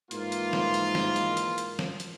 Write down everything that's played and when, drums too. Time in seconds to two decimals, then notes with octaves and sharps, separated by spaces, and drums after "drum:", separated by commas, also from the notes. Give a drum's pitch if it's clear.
0.11 G#2 E3 A#3 F4, drum: hi-hat
0.32 drum: hi-hat
0.53 drum: snare
0.74 drum: hi-hat
0.95 drum: snare
1.16 drum: hi-hat
1.37 drum: hi-hat
1.58 drum: hi-hat
1.79 drum: snare
2.00 drum: hi-hat